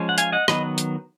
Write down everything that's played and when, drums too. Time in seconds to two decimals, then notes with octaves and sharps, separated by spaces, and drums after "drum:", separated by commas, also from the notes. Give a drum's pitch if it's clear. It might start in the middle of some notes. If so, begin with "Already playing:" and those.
Already playing: F3 G#3 C#4
0.09 F#5
0.18 F5 G#5, drum: hi-hat
0.32 D#5 F#5
0.48 D#3 F#3 B3 B4 D#5, drum: rim click
0.78 drum: hi-hat